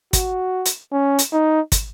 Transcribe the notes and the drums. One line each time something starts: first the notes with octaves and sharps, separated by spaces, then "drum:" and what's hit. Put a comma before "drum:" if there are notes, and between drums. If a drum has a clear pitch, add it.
F#4, drum: kick, hi-hat
drum: hi-hat
C#4
drum: hi-hat
D#4
drum: kick, hi-hat